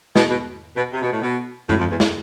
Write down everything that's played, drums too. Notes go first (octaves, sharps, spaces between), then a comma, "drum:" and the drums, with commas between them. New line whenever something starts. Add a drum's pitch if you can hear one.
B2, drum: snare
B2
B2
C3
B2
A2
B2
A2, drum: tom F#2
F2
E2
drum: snare